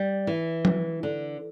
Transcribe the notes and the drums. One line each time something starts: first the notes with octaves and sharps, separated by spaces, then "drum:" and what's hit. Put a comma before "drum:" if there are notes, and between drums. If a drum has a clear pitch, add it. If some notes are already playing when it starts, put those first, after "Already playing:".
Already playing: G3
E3
drum: tom F3
D3